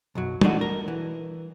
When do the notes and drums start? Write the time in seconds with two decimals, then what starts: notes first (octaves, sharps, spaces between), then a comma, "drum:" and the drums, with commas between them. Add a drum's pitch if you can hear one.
0.15 B1 F#2 F#3
0.41 E3 F#3 A3 D4 D#4 F#4, drum: tom
0.61 A#4
0.88 E3